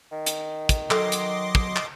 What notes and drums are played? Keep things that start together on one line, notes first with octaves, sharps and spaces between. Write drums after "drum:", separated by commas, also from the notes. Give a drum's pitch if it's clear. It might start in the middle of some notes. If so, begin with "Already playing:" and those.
D#3
drum: hi-hat
drum: kick, hi-hat
F#3 A4 D#5 C6 D6, drum: clap
drum: hi-hat
drum: kick
drum: clap